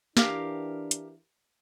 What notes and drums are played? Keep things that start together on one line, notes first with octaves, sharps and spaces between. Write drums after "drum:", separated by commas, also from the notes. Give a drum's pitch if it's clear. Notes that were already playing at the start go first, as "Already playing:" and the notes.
E3 D4 G4 A#4 F5, drum: snare
drum: hi-hat